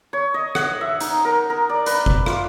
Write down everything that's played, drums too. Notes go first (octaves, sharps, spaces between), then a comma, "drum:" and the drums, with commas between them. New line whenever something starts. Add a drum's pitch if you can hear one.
C#5
D#5
F#5, drum: rim click
E5
D#4, drum: hi-hat
A#4
A#4
D5
B4, drum: hi-hat
drum: kick G1
F4, drum: rim click